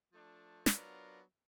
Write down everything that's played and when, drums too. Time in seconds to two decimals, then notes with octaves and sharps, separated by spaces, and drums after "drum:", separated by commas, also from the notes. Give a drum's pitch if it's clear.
0.11 F3 A3 D4
0.66 F#3 B3 D4 F4 A#4, drum: snare